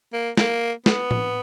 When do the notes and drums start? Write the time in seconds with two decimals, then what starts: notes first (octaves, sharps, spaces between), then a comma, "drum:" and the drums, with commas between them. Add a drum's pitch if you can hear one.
0.13 A#3
0.37 A#3, drum: snare
0.86 B3, drum: snare
1.11 drum: tom A2